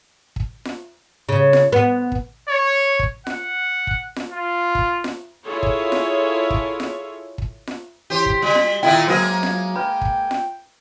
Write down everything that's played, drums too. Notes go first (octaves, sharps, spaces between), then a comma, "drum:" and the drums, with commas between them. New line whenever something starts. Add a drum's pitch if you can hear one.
drum: kick
drum: snare F4
C#3
drum: snare F4
B3
drum: kick
C#5
drum: kick
F#5, drum: snare F4
drum: kick
drum: snare F4
F4
drum: kick
drum: snare F4
E4 F4 G#4 A4 C#5
drum: kick
drum: snare F4
drum: kick
drum: snare F4
drum: kick
drum: snare F4
E3 G4 C5
drum: kick
G3 F#4 B6
drum: snare F4
A#2 D#3 E4 F4 A4 D#5 G5
F#3 G#3 A#3 F#4 A#4 C5 D#5
drum: snare F4
B4 G5 B5
drum: kick
drum: snare F4